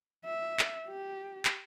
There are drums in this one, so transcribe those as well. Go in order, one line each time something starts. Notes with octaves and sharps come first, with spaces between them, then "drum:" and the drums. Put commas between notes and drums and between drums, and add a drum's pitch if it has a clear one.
E5
drum: clap
G4
drum: clap